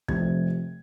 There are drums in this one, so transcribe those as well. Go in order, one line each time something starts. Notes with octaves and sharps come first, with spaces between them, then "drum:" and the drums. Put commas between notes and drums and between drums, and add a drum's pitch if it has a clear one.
F1 F2 C3 F3 G#6, drum: kick